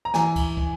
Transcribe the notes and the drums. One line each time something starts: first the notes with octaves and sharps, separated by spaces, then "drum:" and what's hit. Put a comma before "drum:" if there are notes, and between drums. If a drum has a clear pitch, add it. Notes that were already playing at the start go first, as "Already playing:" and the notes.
A#5
E3 G#5, drum: snare
drum: kick, cymbal
drum: kick